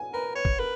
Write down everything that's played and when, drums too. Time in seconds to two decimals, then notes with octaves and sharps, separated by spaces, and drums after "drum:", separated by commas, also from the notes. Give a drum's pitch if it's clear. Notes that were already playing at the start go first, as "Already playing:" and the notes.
Already playing: G#5
0.13 A#4 B4
0.36 B4 C#5
0.45 drum: kick
0.59 A#4 B4